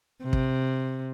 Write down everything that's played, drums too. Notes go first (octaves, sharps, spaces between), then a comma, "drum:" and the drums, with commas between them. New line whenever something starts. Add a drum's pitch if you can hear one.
C3
drum: kick